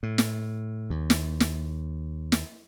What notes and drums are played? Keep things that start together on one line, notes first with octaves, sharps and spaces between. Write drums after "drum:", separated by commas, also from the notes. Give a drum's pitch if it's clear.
A2
drum: snare
D#2
drum: snare
drum: snare
drum: snare